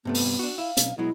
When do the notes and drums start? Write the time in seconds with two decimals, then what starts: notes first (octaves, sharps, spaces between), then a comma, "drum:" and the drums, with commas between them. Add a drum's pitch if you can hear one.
0.05 G2 C3 A3 B3
0.14 drum: open hi-hat
0.24 G2 C3
0.39 D4 F#4
0.58 E4 F5
0.77 B1, drum: hi-hat
0.98 B2 F#3 G#3 E4